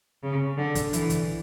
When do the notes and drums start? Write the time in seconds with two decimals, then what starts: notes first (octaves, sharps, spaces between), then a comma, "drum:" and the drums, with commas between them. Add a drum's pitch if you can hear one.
0.23 C#3
0.57 D3
0.75 drum: kick, hi-hat
0.93 E3, drum: hi-hat
1.10 drum: kick, hi-hat